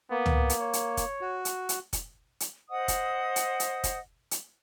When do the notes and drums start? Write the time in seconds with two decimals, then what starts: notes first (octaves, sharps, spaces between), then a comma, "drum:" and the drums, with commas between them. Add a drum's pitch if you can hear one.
0.10 A#3 B3
0.26 drum: tom C#2
0.50 drum: hi-hat
0.60 C#5
0.73 drum: hi-hat
0.97 drum: kick F1, hi-hat
1.21 F#4
1.45 drum: hi-hat
1.69 drum: hi-hat
1.93 drum: kick F1, hi-hat
2.40 drum: hi-hat
2.69 C5 D#5 F#5 D#6
2.88 drum: kick F1, hi-hat
3.36 drum: hi-hat
3.60 drum: hi-hat
3.84 drum: kick F1, hi-hat
4.31 drum: hi-hat